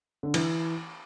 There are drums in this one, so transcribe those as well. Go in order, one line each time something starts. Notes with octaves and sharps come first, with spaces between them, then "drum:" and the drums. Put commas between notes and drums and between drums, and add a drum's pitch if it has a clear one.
D3
E3, drum: cymbal